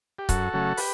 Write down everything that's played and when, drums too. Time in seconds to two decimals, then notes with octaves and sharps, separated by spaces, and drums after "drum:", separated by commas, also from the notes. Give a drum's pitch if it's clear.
0.19 G4
0.29 F#2 F#4 A4, drum: kick C#1, hi-hat
0.53 C#3 F#3 A3
0.77 G4 B4, drum: open hi-hat